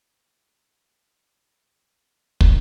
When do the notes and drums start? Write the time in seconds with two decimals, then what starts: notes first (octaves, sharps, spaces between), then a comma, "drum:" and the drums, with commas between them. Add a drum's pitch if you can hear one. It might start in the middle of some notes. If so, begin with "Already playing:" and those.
0.05 G#2 G3
0.74 B3 F4 B4
1.02 C#3 G#3 A#5 E6
2.05 G3 A#3 D4 F4 B6
2.41 drum: kick